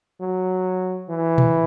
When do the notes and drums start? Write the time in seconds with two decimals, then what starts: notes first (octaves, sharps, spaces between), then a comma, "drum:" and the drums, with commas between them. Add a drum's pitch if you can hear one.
0.21 F#3
1.10 E3
1.38 drum: tom A#2